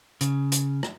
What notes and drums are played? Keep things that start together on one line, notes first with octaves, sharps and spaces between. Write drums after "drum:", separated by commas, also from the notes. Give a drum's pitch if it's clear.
C#3, drum: hi-hat
drum: hi-hat
drum: rim click